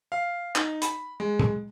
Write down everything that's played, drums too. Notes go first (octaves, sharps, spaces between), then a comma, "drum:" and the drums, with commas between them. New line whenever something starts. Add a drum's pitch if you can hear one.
F5
D#4, drum: clap
B5, drum: hi-hat
G#3
drum: tom